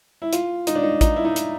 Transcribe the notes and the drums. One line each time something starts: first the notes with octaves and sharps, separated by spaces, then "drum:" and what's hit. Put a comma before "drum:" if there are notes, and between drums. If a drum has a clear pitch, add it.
E4
F4, drum: hi-hat
D#4, drum: hi-hat
D4
D#4
D#4, drum: kick A1, hi-hat
E4
D#4
drum: hi-hat